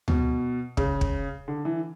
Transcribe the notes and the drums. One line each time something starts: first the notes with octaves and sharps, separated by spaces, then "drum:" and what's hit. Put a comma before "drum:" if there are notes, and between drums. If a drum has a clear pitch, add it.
B2, drum: tom D2
C#3, drum: kick
drum: kick
D3
E3